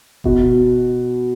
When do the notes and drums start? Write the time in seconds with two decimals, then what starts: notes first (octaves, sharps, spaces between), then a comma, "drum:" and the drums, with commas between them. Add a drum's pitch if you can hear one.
0.24 B2 B3 F#4, drum: kick F#1